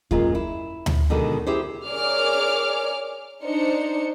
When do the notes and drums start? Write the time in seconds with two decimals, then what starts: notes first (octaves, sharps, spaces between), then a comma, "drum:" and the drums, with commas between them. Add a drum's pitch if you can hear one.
0.11 F#2 A#2 G#3 F4, drum: kick D#2
0.35 E4
0.86 drum: tom D2
1.10 B2 D3 D#3 G#3
1.46 C4 E4 G4 G#4 C5
1.86 G#4 A#4 C#5 D5 D6 F6
3.43 D4 D#4 C5 C#7